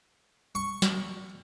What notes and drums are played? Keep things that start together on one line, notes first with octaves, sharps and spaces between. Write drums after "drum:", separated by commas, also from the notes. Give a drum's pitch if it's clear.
C#6
drum: snare